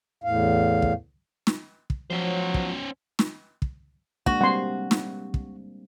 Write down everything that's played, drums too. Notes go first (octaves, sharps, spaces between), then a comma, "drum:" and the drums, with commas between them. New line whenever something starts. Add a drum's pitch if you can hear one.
E2 A2 F5
drum: kick
drum: snare
drum: kick
F3 F#3 C#4 C5
drum: kick
drum: snare
drum: kick
G#3 A#3 D4 F#4, drum: kick
G3 C4 F#5 C6
drum: snare
drum: kick